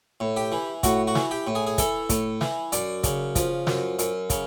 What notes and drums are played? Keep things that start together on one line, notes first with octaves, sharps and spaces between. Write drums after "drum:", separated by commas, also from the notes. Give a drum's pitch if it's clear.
A2
G4
E3
A2 F#4, drum: kick, hi-hat
F#4
E3, drum: snare
G4
A2
G#4
G#4
E3 A4, drum: kick, hi-hat
A2, drum: kick, hi-hat
E3, drum: snare
F#2 D5, drum: hi-hat
C#3, drum: kick, hi-hat
F3, drum: kick, hi-hat
F#2, drum: snare
F#2, drum: hi-hat
C#3, drum: kick, hi-hat